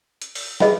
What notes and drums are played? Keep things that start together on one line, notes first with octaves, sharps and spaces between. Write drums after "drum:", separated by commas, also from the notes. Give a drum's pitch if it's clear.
drum: hi-hat
drum: open hi-hat
G#4 B4 D#5 G5 B5, drum: snare